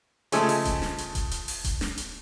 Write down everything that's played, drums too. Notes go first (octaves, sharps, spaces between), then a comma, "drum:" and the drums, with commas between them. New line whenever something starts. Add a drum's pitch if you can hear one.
C#3 F3 G#3 A3 G#5 E6, drum: hi-hat
drum: open hi-hat
drum: kick D#1, hi-hat
drum: snare
drum: hi-hat
drum: kick D#1, hi-hat
drum: hi-hat
drum: open hi-hat
drum: kick D#1, hi-hat
drum: snare
drum: hi-hat